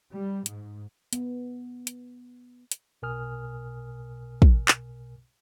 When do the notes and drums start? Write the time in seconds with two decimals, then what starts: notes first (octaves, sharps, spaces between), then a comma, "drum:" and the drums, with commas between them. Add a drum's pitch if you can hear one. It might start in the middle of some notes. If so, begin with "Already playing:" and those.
0.13 G3
0.46 G#2, drum: hi-hat
1.13 B3, drum: hi-hat
1.87 drum: hi-hat
2.72 drum: hi-hat
3.02 B1 B2 A#4 G#5 D#6 F6
4.42 drum: kick
4.68 drum: clap